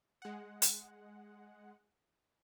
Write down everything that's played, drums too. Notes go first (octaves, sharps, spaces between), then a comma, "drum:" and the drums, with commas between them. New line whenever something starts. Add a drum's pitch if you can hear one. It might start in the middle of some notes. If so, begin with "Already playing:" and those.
G#3 F#5
drum: hi-hat